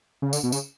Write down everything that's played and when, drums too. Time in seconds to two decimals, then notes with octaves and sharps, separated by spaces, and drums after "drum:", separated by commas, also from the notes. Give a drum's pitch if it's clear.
0.22 C#3
0.33 D3, drum: tambourine
0.43 B2
0.52 C#3, drum: tambourine